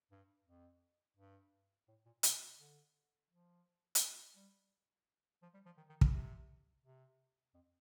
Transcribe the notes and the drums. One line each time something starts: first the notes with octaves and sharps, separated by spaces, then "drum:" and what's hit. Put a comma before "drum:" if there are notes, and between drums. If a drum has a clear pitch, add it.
G2
F2
G2
A2
A#2
C3, drum: hi-hat
D3
F3
drum: hi-hat
G3
F3
G3
F3
D#3
D#3
D3, drum: kick
C3
C3
F2